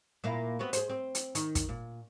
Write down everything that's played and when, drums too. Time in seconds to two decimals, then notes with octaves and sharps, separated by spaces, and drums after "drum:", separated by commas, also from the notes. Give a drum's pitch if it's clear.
0.24 A#2 A#3 E4
0.59 B3 C4 F#4
0.73 G#4 C5, drum: hi-hat
0.90 C4
1.15 drum: hi-hat
1.35 D#3, drum: hi-hat
1.55 drum: kick, hi-hat
1.69 A#2